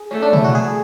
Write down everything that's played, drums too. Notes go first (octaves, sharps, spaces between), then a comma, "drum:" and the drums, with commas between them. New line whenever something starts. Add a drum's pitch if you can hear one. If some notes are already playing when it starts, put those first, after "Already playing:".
Already playing: G#4
A3 C#4
D4
E4, drum: tom B2
F#4
G#4